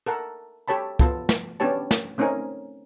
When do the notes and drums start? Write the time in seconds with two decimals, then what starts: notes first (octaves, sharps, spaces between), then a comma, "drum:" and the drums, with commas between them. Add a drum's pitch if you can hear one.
0.06 A4 A#4 F#5
0.68 G4 A4 C#5 A5 B5
0.99 B3 F4 A4, drum: kick
1.29 drum: snare
1.60 B3 C#4 D4 G4 C#5 A5
1.91 drum: snare
2.18 A3 C4 C#4 D#4 A#4 G#5